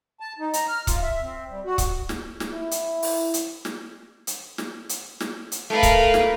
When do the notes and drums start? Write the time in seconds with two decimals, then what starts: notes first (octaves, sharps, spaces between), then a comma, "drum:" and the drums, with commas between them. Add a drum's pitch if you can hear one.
0.20 A5
0.39 D#4
0.54 A#5, drum: hi-hat
0.68 F6
0.87 F4, drum: kick C#1, hi-hat
1.02 E5
1.22 C4
1.50 G3
1.65 F#4
1.78 drum: kick C#1, hi-hat
2.09 drum: snare
2.40 drum: snare
2.53 E4
2.71 drum: hi-hat
3.03 drum: open hi-hat
3.34 drum: hi-hat
3.65 drum: snare
4.27 drum: hi-hat
4.58 drum: snare
4.89 drum: hi-hat
5.20 drum: snare
5.52 drum: hi-hat
5.70 A3 A#4 B4 F5
5.83 drum: kick C#1, hi-hat
6.14 drum: snare